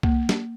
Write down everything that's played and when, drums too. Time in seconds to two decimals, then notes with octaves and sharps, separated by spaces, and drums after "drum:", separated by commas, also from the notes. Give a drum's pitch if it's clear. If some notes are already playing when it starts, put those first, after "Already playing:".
0.03 A#3, drum: kick C2
0.29 drum: snare